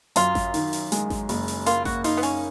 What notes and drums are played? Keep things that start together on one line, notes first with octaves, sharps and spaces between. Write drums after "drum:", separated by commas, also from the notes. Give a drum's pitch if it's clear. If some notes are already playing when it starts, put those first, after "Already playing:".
F#2 F4, drum: hi-hat
drum: snare G#1
D#3, drum: open hi-hat
drum: open hi-hat
G#3, drum: hi-hat
drum: snare G#1
F#1, drum: open hi-hat
drum: open hi-hat
A#3 F4, drum: hi-hat
F#4, drum: snare G#1
D#4 F4, drum: open hi-hat
B3
C#4, drum: open hi-hat